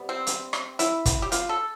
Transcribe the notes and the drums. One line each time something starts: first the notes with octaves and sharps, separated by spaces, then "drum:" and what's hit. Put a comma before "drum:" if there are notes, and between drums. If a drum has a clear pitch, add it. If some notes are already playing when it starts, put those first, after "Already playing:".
Already playing: C3 G3 B3
C4
drum: hi-hat
drum: rim click
E4, drum: hi-hat
drum: kick, hi-hat
G4
F4, drum: hi-hat
A4